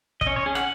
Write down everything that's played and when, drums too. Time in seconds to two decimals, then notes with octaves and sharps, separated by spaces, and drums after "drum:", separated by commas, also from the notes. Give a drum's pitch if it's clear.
0.21 D#5, drum: kick
0.26 C#4 C#5
0.36 C#5
0.46 C#4 G#4
0.55 F#5, drum: rim click